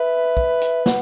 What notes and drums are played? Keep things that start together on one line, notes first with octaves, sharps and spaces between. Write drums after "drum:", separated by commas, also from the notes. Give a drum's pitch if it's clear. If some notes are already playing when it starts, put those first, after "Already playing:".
Already playing: B4 E5
drum: kick
drum: hi-hat
F#5, drum: snare